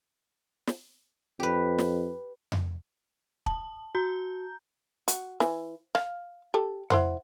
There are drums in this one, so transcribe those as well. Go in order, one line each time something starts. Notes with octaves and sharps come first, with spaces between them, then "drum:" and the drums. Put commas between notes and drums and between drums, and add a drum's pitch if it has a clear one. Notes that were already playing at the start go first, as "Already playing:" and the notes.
drum: snare
F2 G4 B4
drum: snare
drum: tom F2
A5, drum: kick
F#4 A#5 G6
F#4, drum: hi-hat
E3, drum: snare
F5, drum: rim click
G4 A4
E4 C5 F#5, drum: tom F2